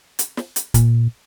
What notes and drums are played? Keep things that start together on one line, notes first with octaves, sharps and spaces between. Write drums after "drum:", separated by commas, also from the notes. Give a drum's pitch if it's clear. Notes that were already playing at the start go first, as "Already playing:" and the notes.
drum: hi-hat
drum: snare
drum: hi-hat
A#2, drum: kick, hi-hat